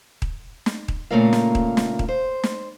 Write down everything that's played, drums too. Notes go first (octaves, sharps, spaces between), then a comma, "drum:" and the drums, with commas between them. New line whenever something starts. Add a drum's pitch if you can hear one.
drum: kick D#1
drum: snare
drum: kick D#1
A#2 C#3 A3 A#3 A#4 F5
drum: snare
drum: kick D#1
drum: snare
drum: kick D#1
C5
drum: snare